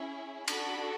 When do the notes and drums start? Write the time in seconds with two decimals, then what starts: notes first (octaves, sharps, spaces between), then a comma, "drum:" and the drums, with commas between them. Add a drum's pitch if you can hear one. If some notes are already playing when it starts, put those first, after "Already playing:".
Already playing: C#4 E4 G#4
0.48 D4 F#4 A4 B5, drum: cymbal